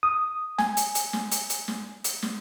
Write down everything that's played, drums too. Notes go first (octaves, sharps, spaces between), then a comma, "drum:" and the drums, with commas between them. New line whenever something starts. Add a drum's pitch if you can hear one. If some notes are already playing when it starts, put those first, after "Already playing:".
D#6
G#5, drum: snare
drum: hi-hat
drum: hi-hat
drum: snare
drum: hi-hat
drum: hi-hat
drum: snare
drum: hi-hat
drum: snare